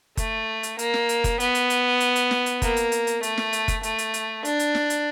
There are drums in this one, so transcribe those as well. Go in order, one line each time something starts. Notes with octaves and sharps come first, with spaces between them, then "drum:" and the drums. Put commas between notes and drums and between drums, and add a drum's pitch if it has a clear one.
A3, drum: kick F#1, hi-hat
drum: hi-hat
A#3, drum: hi-hat
drum: snare
drum: hi-hat
drum: kick F#1, hi-hat
B3, drum: hi-hat
drum: hi-hat
drum: hi-hat
drum: hi-hat
drum: hi-hat
drum: snare
drum: hi-hat
A#3, drum: kick F#1, hi-hat
drum: hi-hat
drum: hi-hat
drum: hi-hat
A3, drum: hi-hat
drum: snare
drum: hi-hat
drum: kick F#1, hi-hat
A3, drum: hi-hat
drum: hi-hat
drum: hi-hat
D4, drum: hi-hat
drum: hi-hat
drum: snare
drum: hi-hat